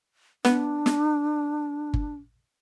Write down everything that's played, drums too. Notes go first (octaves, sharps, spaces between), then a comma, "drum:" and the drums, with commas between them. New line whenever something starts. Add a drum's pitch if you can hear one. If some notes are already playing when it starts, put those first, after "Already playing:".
B3 D4, drum: snare
drum: snare
drum: kick G1